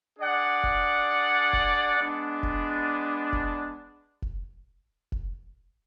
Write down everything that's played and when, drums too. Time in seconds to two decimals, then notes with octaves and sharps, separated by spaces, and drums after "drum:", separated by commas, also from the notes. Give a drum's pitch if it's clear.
0.18 D4 G#4 D5 F#5
0.63 drum: kick F1
1.53 drum: kick F1
1.98 G#3 B3 D4
2.43 drum: kick F1
3.33 drum: kick F1
4.22 drum: kick F1
5.12 drum: kick F1